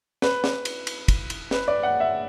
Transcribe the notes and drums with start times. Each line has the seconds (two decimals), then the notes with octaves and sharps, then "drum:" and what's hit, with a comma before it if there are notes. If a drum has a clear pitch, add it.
0.22 B4, drum: snare
0.44 drum: snare
0.65 drum: cymbal
0.87 drum: cymbal
1.08 drum: kick, cymbal
1.30 drum: cymbal
1.51 B4, drum: snare
1.68 D5
1.83 F#5
2.00 E5